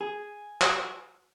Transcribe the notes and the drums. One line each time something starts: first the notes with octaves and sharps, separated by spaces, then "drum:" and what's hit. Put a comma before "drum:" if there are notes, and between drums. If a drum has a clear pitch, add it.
G#4
drum: clap